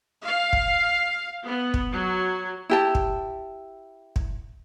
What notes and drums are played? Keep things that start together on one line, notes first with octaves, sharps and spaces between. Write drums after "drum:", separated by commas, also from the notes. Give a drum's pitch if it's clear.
F5
drum: kick
B3
drum: kick
F#3
E4 G4 A5
drum: kick
drum: kick